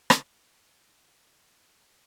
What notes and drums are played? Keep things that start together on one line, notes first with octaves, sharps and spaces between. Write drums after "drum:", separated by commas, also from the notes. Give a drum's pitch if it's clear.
drum: rim click
B2 D7
A4 B5